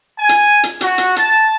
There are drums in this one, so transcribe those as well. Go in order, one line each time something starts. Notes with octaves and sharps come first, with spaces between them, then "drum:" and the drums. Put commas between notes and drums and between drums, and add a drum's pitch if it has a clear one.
G#5
drum: hi-hat
drum: hi-hat
F#4, drum: hi-hat
drum: hi-hat
A5, drum: hi-hat